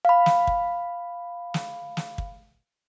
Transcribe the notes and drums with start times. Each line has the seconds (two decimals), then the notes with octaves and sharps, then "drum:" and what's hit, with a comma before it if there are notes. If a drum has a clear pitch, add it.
0.05 F5 B5
0.26 drum: snare
0.47 drum: kick
1.54 drum: snare
1.97 drum: snare
2.18 drum: kick